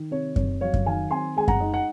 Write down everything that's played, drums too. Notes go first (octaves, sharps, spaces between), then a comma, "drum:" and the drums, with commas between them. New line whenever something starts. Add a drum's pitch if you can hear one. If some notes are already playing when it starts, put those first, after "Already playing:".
Already playing: D#3
C3 C#5
C3 C#5, drum: kick F#2
F#3 C#5 F5
drum: kick F#2
D#3 F5 G#5
C4 G#5 C6
G#3 G#5
F#5 A#5, drum: kick F#2
D#4
F#5